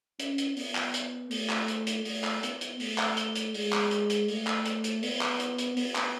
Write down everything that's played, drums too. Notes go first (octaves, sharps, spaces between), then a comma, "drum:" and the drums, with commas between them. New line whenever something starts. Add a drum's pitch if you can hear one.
C#4, drum: hi-hat
drum: hi-hat
B3, drum: open hi-hat
drum: clap
drum: hi-hat
A3, drum: open hi-hat
drum: clap
drum: hi-hat
drum: hi-hat
A3, drum: open hi-hat
drum: clap
B3, drum: hi-hat
drum: hi-hat
A3, drum: open hi-hat
drum: clap
drum: hi-hat
drum: hi-hat
G#3, drum: open hi-hat
drum: clap
drum: hi-hat
drum: hi-hat
A3, drum: open hi-hat
drum: clap
drum: hi-hat
drum: hi-hat
B3, drum: open hi-hat
drum: clap
drum: hi-hat
drum: hi-hat
B3, drum: open hi-hat
drum: clap